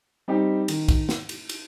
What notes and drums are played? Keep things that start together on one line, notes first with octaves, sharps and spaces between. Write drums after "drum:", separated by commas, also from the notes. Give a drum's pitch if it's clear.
G3 C4 D#4 G4
D#3, drum: cymbal
drum: kick, cymbal
drum: snare
drum: cymbal
drum: cymbal